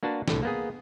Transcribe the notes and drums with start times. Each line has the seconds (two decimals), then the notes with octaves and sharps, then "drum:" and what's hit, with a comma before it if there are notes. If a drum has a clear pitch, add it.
0.03 A#3 D4 F#4 B4 A5
0.28 C2 A2 D3, drum: snare
0.43 A#3 B3 G#4